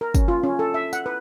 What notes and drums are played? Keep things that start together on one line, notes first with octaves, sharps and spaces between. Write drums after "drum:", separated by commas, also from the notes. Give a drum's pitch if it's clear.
A#4
C#4, drum: kick, tambourine
F4
C#4
A4
E5
F#5, drum: tambourine
B4